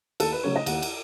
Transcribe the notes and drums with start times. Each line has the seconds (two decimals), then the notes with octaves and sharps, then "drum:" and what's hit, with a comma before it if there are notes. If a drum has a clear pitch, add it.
0.20 D#2 A4, drum: cymbal
0.32 B4
0.43 C#3 F#3 A3 C#4 C#5
0.56 D#5
0.66 D#2 F#5, drum: cymbal
0.82 drum: cymbal